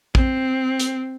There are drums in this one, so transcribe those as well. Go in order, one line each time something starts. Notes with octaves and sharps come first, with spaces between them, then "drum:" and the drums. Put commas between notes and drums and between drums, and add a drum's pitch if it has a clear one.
C4, drum: kick
drum: hi-hat